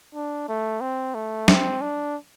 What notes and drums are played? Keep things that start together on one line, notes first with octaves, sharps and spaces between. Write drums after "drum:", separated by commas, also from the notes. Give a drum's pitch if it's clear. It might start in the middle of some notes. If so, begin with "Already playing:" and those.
D4
A3
C4
A3
C4, drum: snare
D4